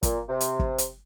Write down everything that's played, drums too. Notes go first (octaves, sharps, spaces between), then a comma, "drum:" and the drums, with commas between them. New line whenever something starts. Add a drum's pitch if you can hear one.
A#2, drum: kick, hi-hat
C3
drum: hi-hat
drum: kick
drum: hi-hat